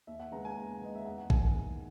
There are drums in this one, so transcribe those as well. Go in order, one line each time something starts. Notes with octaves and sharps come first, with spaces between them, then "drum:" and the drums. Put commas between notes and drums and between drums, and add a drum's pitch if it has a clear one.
D#2 E5
F#5
C#3 G#3 B3 A#5
G#5
D#2
C#3 G#3 B3 D#5
E5
E2 F#5
F#5
D#3 A#3 G#5, drum: kick
G#5
E2